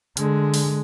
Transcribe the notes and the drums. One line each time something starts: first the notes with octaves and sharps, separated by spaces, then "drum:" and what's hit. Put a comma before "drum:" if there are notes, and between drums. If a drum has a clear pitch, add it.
D3 G#3, drum: hi-hat
drum: open hi-hat